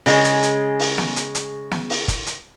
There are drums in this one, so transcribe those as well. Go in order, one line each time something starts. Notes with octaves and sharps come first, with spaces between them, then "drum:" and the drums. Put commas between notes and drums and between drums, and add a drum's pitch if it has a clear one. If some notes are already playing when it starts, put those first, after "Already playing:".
C#3 G#3, drum: open hi-hat
drum: hi-hat
drum: hi-hat
drum: open hi-hat
drum: snare
drum: hi-hat
drum: hi-hat
drum: snare
drum: open hi-hat
drum: kick G1, hi-hat
drum: hi-hat